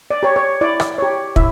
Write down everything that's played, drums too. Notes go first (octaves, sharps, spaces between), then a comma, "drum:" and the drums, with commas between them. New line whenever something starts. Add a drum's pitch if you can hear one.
D5
G4 C#5
C#5
E4 D5
drum: rim click
G4 C#5
E4 E5, drum: kick